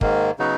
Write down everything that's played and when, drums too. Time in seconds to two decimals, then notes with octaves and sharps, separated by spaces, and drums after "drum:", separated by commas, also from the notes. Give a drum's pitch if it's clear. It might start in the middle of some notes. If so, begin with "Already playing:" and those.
0.01 G#2 D#3 A#3, drum: kick
0.39 C#3 F#3 B3 D#4